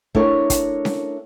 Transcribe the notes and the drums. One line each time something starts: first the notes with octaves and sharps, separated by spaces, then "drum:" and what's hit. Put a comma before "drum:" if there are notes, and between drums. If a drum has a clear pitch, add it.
A3 D4 E4 A#4 C#5, drum: kick
drum: kick, hi-hat
drum: snare C#4